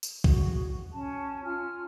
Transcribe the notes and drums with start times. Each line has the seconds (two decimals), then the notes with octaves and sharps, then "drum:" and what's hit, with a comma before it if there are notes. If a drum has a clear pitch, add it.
0.03 drum: tambourine
0.24 F#4 G#4, drum: kick B1
0.92 C#4 A5
1.43 F4 G#5 F6